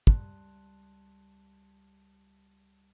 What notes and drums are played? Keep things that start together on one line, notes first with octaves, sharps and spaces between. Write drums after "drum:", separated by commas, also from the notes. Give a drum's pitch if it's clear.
C#2 G3 A5 C6 F#6, drum: kick